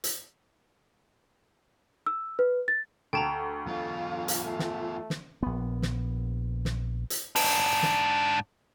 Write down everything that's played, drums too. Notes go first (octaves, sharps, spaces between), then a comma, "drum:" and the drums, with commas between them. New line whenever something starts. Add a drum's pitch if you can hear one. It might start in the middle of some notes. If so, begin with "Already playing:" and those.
drum: hi-hat
E6
B4
A6
D2 G5 A5 A#5
E2 F4 F5
drum: hi-hat
A3
drum: snare
drum: snare
A#1 B3
drum: snare
drum: snare
drum: hi-hat
G#2 D4, drum: open hi-hat
drum: snare